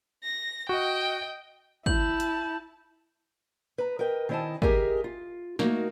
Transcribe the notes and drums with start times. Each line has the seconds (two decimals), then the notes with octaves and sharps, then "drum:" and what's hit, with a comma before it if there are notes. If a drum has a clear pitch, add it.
0.24 A#6
0.69 F#4 D#5 G5
1.86 E4 A5 G6 F#7, drum: kick
2.20 drum: hi-hat
3.78 B4 A#5
3.99 A#4 B4 D#5 G5
4.29 D#3 C4 E4 D#5 G#5 A5
4.62 G4 G#4 A#4 D#5 E5 G#5, drum: kick
5.04 F4
5.59 A3 A#3 D#4 F#4 A#4, drum: snare